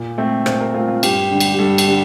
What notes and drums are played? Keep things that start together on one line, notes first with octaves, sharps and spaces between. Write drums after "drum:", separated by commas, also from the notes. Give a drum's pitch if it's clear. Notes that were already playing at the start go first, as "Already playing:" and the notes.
Already playing: A#2
A3 C4
A#2 C5, drum: rim click
A#4
A3 C4 F4
F4
G2 G4, drum: cymbal
D3 G3
drum: cymbal
G4
G2 A4
drum: cymbal
D3 G3